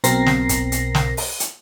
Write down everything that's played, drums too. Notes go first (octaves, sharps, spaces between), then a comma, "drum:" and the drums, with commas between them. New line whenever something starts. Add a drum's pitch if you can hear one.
B1 B2 C4 A#4 A#6 C7, drum: hi-hat
drum: snare
drum: kick, hi-hat
drum: hi-hat
drum: snare
drum: open hi-hat
drum: hi-hat